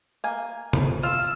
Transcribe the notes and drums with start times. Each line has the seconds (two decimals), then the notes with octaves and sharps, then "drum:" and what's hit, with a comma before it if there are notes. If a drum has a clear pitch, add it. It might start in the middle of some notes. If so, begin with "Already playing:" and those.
0.24 A#3 G#5
0.73 drum: tom C3
1.03 F4 E6 F6